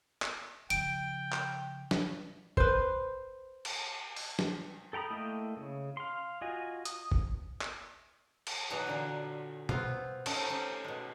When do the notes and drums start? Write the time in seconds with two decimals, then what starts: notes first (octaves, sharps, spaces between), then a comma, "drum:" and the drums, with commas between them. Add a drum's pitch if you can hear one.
0.22 drum: clap
0.70 C#3 F3 G5 D7, drum: hi-hat
1.32 drum: clap
1.91 drum: snare
2.57 B4 C5, drum: kick
3.65 drum: cymbal
4.17 drum: open hi-hat
4.39 drum: snare
4.93 A4 G5 A#5 B5 D#6
5.10 A3 A#3 E4 D#5 G5
5.57 C#3
5.97 F5 C6
6.41 F4 F#4 D#5 G#5
6.85 D#6, drum: hi-hat
7.12 drum: kick
7.61 drum: clap
8.47 drum: cymbal
8.70 B2 E3 F#3 D#4 F#4 A#5
8.87 A#2 D3
9.69 B3 C4 F4, drum: tom B2
10.26 A3 C4 C#4 D#4 G4 A4, drum: cymbal
10.50 C#4
10.84 B2 G#3